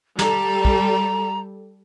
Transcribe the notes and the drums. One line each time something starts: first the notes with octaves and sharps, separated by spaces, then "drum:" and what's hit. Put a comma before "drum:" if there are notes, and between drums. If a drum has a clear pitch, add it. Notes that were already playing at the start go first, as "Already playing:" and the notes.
G3 A4 A#5, drum: snare
drum: kick